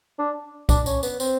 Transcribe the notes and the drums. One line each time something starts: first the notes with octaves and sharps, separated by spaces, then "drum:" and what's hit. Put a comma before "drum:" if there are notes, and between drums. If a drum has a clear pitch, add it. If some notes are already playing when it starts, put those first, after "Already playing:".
D4
D4, drum: kick, tambourine
C#4, drum: tambourine
B3, drum: tambourine
C4, drum: tambourine